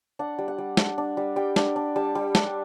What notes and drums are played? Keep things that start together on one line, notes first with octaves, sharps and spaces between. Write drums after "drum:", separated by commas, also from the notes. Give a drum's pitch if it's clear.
D4 F#5
G3
F#5
G3
D4, drum: snare
D4
G3
G3 G5
D4, drum: snare
D4
G3 A5
G3
D4, drum: snare